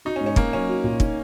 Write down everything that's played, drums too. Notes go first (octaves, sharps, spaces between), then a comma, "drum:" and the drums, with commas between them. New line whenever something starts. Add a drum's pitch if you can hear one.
D#4 F#4
C#4
G#2
C#4
A#3 D#4, drum: kick
F#3 C#4
F#4
A#2
D#4, drum: kick